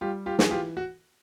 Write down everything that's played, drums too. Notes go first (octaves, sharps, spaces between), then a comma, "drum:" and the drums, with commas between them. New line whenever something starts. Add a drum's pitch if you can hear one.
G3 F4 G4
F4 G4
E3 G#4, drum: snare
F4 G4
F#4